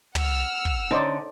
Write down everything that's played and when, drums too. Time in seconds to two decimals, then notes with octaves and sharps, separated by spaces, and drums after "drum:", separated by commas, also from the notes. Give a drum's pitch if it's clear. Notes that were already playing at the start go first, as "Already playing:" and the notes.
0.15 F#5 E6 F6, drum: tom
0.65 drum: kick
0.91 D3 C#4 D#4 C5 D5